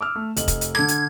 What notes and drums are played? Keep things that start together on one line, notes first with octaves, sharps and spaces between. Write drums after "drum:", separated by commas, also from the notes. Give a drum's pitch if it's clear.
D6 E6 F6
A3
F1 D#5 F#7, drum: hi-hat
drum: kick, hi-hat
drum: hi-hat
D3 A4 D6 G#6, drum: rim click
drum: hi-hat